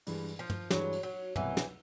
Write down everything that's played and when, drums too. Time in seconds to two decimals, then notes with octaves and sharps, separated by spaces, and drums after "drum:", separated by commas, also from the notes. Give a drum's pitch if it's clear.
0.07 G2 E3 G#3, drum: cymbal
0.28 drum: cymbal
0.39 F3
0.50 drum: tom
0.70 G2 E3 F#3 G#3, drum: snare
0.92 drum: cymbal
1.03 F#3
1.36 C2 B2 E3 F#3, drum: tom
1.57 drum: snare